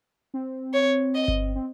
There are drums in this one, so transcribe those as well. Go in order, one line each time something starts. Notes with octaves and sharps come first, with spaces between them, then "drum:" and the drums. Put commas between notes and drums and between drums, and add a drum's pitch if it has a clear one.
C4
C#5
D#5
drum: kick G1
C4